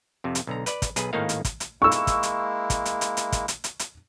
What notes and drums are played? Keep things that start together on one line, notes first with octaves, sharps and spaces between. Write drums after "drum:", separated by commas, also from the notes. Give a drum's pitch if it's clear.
F2 C3
drum: hi-hat
B1 D3 A#5
B4 D5, drum: hi-hat
drum: kick, hi-hat
B1 G#4 B4, drum: hi-hat
G#1 A2 D#3 A#3 D#4 F5
drum: hi-hat
drum: kick, hi-hat
drum: hi-hat
G#3 A#3 E4 C#6 E6
drum: hi-hat
drum: kick, hi-hat
drum: hi-hat
drum: kick, hi-hat
drum: hi-hat
drum: hi-hat
drum: hi-hat
drum: kick, hi-hat
drum: hi-hat
drum: hi-hat
drum: hi-hat